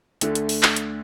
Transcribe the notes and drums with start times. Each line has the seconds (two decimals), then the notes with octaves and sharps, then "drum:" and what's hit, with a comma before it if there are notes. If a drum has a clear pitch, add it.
0.21 D2 D3 A3, drum: hi-hat
0.35 drum: hi-hat
0.49 drum: open hi-hat
0.63 drum: clap
0.76 drum: hi-hat